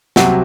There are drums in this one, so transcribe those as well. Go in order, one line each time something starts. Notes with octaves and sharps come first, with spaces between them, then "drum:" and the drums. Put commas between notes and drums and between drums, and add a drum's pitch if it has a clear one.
C2 C3 F#3 F#4, drum: snare